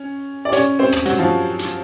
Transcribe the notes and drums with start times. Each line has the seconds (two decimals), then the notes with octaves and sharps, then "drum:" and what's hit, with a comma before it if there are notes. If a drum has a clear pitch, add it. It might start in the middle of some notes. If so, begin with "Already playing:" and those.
Already playing: C#4
0.45 D5
0.52 C#4 C#5, drum: hi-hat
0.79 C4 C5
0.92 drum: rim click
1.05 F#3 F#4, drum: hi-hat
1.19 F3 F4
1.59 drum: hi-hat